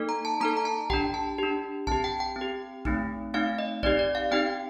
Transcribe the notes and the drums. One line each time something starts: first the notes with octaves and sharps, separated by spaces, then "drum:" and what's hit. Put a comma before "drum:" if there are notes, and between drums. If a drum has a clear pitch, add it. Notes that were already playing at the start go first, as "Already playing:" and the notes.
Already playing: A#3 D#4 A4
A#5
A5
A#3 D#4 A4 A#5
A#5
A5
D4 G4 G5, drum: kick A#1
A5
D4 G4
C4 G4 A5, drum: kick A#1
G5
G5
C4
G4
A3 C4 D#4, drum: kick A#1
A3 C4 D#4 F5
D#5
C4 D#4 G4 D5, drum: kick A#1
D5
F5
C4 D#4 G4 G5